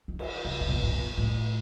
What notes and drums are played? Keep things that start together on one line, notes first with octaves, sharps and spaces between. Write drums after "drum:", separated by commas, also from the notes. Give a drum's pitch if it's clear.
D#3
drum: cymbal
C3
C3
B2
A2
B2
A2